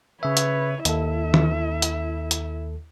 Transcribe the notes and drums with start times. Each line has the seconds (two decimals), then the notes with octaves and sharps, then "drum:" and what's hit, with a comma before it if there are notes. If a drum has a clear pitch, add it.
0.23 C#3 B4 C#5 E5
0.37 drum: hi-hat
0.85 D#2 E4 A4 E5, drum: hi-hat
1.34 drum: tom D#3
1.82 drum: hi-hat
2.31 drum: hi-hat